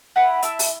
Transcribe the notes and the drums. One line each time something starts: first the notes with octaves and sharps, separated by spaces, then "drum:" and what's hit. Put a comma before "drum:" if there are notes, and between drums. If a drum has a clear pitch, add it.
E4 F#5 B5
E4 E5 A5, drum: hi-hat
drum: open hi-hat